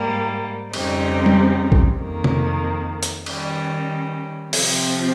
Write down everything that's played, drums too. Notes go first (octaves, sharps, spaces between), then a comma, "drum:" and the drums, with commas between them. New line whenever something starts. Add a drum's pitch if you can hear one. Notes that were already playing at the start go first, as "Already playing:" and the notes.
Already playing: G#2 G3 A#3
F2 C#3 G3 C4 D#4, drum: cymbal
drum: tom G3
drum: kick A#1
F2 D#3 A#3
drum: tom C3
drum: hi-hat
D#3 G3 C#4, drum: cymbal
C3 F3 C4, drum: open hi-hat